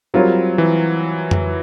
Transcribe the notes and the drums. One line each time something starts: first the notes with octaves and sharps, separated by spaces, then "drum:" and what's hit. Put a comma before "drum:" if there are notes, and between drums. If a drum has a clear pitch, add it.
F#3 G3 C4 F4 A#4 C#5
E3
drum: tom F2